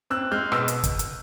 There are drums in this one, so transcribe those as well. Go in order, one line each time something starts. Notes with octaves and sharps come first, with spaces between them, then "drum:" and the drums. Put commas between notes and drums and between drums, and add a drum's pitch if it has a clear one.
C4 E6 F#6
G#3 F6 G6
B2 E6, drum: rim click
drum: hi-hat
drum: kick, hi-hat
drum: hi-hat